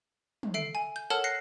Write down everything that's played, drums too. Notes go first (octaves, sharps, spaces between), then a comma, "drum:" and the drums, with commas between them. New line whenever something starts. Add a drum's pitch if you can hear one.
drum: tom
A4 E5 C7 D7
G#5
G6
A4 A#4 C#5 F#5 A5 F6
F#6 A#6 C7 C#7